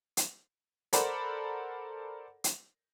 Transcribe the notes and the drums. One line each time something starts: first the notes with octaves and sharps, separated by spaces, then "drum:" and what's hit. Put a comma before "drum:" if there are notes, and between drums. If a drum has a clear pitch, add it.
drum: hi-hat
A4 A#4 C5 D5 F#5 B5, drum: hi-hat
drum: hi-hat